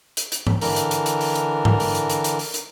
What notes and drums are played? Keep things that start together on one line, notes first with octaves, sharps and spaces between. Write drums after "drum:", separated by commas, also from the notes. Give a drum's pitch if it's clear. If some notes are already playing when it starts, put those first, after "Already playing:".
drum: hi-hat
drum: hi-hat
drum: tom G#2
D3 E3 A#4, drum: open hi-hat
drum: hi-hat
drum: hi-hat
drum: hi-hat
drum: open hi-hat
drum: hi-hat
drum: tom G#2
drum: open hi-hat
drum: hi-hat
drum: hi-hat
drum: hi-hat
drum: open hi-hat
drum: hi-hat